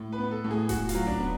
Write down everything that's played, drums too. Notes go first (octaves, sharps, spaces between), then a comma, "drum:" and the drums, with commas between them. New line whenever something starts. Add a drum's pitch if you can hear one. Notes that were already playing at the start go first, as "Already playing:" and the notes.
Already playing: A2
B4
B3
A4
A2
G#4
A2 F#4, drum: kick D#1, hi-hat
F4, drum: hi-hat
F#3
D4, drum: kick D#1
B3